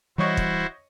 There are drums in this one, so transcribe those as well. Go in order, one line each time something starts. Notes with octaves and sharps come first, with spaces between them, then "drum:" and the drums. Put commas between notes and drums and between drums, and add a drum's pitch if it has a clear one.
E3 G3 E4 F#4 C5 C#5 D#5 C#6
drum: kick